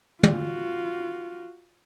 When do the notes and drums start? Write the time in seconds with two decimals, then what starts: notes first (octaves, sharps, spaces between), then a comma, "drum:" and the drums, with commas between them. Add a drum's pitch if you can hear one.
0.23 F4 F#4, drum: tom